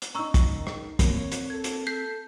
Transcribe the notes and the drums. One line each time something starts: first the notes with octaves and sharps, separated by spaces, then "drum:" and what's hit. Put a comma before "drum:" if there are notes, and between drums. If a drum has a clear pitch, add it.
drum: hi-hat
C#4 D#4 A#5 C#6 E6
drum: kick, hi-hat
D#3
drum: rim click
A#3 C4 C#5, drum: kick, hi-hat
drum: hi-hat
A4 G#6
drum: hi-hat
A4 G6 B6 C7